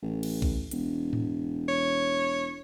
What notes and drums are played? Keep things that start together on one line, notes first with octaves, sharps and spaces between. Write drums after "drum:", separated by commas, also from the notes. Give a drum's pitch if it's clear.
A1
drum: cymbal
drum: kick
E1, drum: hi-hat
drum: tom A2
C#5